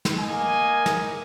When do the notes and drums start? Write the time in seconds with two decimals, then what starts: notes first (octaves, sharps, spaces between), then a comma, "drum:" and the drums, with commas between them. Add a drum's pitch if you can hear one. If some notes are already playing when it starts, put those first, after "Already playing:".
0.05 drum: snare
0.18 A#3 D#5 G#5
0.86 drum: snare